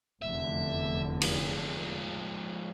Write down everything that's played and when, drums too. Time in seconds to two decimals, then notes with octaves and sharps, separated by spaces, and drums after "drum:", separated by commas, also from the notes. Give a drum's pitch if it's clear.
0.22 F1 E2 D3 E5
1.21 F3 G#3, drum: cymbal